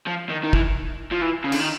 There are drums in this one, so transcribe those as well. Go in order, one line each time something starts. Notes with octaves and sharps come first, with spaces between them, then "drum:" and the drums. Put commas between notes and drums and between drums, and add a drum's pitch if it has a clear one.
F3
D#3
D#3
E3, drum: kick
F3
E3
C#3
D3, drum: cymbal
D#3